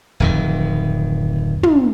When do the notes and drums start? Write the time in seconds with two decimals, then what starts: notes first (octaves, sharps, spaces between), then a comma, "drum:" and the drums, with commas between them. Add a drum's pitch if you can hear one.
0.20 D1 F2 D#3
1.63 drum: tom